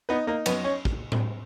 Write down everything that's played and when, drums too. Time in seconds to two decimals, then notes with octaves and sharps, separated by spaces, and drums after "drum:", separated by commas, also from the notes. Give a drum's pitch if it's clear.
0.09 B3 D#4 B4
0.27 A#3 D#4 A#4
0.46 F#2 B3 B4, drum: cymbal
0.64 C#4 C#5
0.85 drum: kick
1.12 drum: tom A2